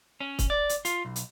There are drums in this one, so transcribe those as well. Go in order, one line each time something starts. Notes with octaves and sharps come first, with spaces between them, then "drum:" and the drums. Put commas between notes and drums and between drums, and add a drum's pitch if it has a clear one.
C#4
drum: kick, hi-hat
D5
drum: hi-hat
F4, drum: hi-hat
B1
drum: hi-hat